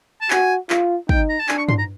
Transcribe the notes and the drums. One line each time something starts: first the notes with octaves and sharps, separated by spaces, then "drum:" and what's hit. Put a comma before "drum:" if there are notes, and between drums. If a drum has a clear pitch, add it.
A5
F#4 G#5, drum: clap
F4, drum: clap
D#4 G5, drum: kick
A#5
A5
D4 G#5, drum: clap
C#6
C6, drum: tom G2
A#5